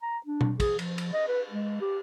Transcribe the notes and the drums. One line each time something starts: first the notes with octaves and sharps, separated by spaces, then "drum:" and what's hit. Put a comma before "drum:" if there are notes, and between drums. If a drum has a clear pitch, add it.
A#5
D4
drum: tom B2
G#4, drum: kick, cymbal
F3, drum: cymbal
drum: cymbal
D#5
B4
G#3
G4